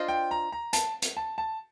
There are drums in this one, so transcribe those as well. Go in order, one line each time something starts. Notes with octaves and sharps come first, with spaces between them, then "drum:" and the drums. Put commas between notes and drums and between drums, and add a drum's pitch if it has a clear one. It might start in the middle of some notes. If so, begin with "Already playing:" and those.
Already playing: D4 F4 C5 D#5
G5
A#5
A#5
A5, drum: hi-hat
drum: hi-hat
A5
A5